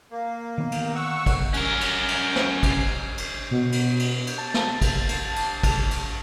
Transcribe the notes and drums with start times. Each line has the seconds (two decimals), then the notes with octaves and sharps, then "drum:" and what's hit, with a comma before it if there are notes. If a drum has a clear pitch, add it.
0.11 A#3
0.58 D#3 B3
0.72 drum: cymbal
0.95 F#5 C#6 E6
1.26 drum: kick, cymbal
1.54 C#4 A#4, drum: cymbal
1.81 drum: cymbal
2.08 drum: cymbal
2.36 drum: snare
2.63 drum: kick, cymbal
3.18 drum: cymbal
3.51 B2
3.72 drum: cymbal
4.00 drum: cymbal
4.27 drum: cymbal
4.38 A5
4.54 drum: snare
4.81 drum: kick, cymbal
5.09 drum: cymbal
5.36 drum: cymbal
5.63 drum: kick, cymbal
5.91 drum: cymbal